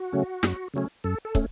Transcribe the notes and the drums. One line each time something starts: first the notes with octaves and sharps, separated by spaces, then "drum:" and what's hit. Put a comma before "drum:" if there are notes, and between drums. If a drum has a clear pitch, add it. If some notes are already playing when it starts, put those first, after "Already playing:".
Already playing: F#4
C#3 F#3 A3 C#4
F#2, drum: snare
C#3 F#3 A3 C#4
F#2 A4
A4
A3 C#4, drum: kick